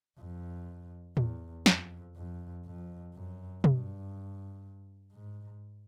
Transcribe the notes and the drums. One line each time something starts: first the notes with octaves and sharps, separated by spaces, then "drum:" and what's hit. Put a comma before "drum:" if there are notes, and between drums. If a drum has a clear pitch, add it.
F2
E2, drum: tom A2
F2, drum: snare
F2
F2
F#2
G2, drum: tom B2
G#2